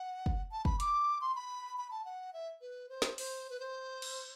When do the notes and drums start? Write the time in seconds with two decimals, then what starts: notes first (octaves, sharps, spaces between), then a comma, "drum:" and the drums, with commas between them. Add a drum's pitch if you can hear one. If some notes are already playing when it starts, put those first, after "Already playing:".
Already playing: F#5
0.26 drum: kick
0.52 A5
0.65 B5, drum: kick
0.80 D6, drum: hi-hat
1.21 C6
1.35 B5
1.77 B5
1.91 A5
2.05 F#5
2.33 E5
2.61 B4
2.89 C5
3.02 drum: snare
3.18 C5, drum: open hi-hat
3.50 B4
3.60 C5
4.02 drum: cymbal